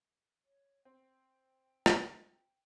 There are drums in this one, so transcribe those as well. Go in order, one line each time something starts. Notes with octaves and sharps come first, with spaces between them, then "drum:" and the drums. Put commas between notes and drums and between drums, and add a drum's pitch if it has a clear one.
C#5
C4 G5
drum: rim click